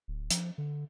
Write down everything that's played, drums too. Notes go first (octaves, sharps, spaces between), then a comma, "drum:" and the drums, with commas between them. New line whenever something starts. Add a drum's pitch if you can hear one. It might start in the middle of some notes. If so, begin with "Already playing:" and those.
D1
F3, drum: hi-hat
D3